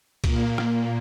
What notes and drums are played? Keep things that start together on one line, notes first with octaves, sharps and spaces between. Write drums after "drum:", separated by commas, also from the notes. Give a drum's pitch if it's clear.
A#2 A#3, drum: kick C2, cymbal
drum: rim click